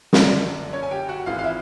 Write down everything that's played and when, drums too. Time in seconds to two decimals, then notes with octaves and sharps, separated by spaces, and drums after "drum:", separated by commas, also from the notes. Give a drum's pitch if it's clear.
0.13 D#5, drum: snare
0.19 F#1 F#2 D3 F3 D4 D5
0.73 C#4 C#5
0.83 G#5
0.91 G4 G5
1.09 F#4 F#5
1.26 G#1 G#2 E3 F4 F5
1.39 F5
1.44 E4 E5